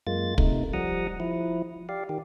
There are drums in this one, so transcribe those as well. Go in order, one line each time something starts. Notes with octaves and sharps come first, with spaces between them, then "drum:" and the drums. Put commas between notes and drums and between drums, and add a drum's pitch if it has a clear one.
F#2 G#3 A#3 F4 A6
C3 A3 D#4, drum: kick
F3 G3 F#5 A#5 D#6
F3 E4
G4 D5 F5
D#3 G4